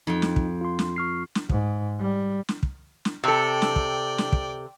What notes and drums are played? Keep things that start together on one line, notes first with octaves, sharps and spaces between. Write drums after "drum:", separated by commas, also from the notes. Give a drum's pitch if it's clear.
F2 D#4 G5
drum: snare
drum: kick
F4 C6
drum: snare
C#6 F6 C7
drum: snare
G#2, drum: kick
G3
drum: snare
drum: kick
drum: snare
C3 A4 D5 G5
drum: snare
drum: kick
drum: snare
drum: kick